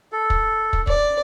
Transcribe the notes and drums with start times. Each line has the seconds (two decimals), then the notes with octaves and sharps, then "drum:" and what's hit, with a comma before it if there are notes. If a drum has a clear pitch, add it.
0.12 A4
0.30 drum: kick
0.73 drum: kick
0.87 D5, drum: kick